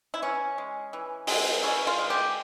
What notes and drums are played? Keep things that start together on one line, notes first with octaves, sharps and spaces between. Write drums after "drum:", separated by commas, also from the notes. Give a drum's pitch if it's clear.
E4
E3 C#4
G#3
E3
G#3, drum: open hi-hat
E3 C#4
F4
G#3
G4